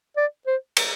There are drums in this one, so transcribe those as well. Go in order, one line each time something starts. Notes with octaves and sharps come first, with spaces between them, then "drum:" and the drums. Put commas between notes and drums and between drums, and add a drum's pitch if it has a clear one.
D5
C5
drum: cymbal